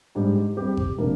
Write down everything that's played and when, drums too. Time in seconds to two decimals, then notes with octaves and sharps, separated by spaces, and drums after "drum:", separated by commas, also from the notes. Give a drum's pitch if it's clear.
0.15 G#2 G3 D4 G4
0.57 G3 C4 G4
0.77 drum: kick G#1
0.98 C3 F3 A#3 D4